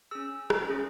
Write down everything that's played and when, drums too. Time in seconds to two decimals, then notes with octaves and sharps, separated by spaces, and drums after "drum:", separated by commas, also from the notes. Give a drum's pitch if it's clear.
0.11 C#4 G#4 E6
0.50 drum: rim click
0.69 C#4 E4 G#4